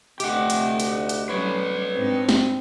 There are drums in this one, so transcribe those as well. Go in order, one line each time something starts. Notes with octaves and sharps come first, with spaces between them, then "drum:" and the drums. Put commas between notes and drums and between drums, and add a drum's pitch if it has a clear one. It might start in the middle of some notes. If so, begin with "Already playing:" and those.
D2 C3 A3 G4 D#5 F#5, drum: hi-hat
drum: hi-hat
drum: hi-hat
drum: hi-hat
F#3 G3 C#4 B4 C#5
G#2 C4 D4 D#4
drum: snare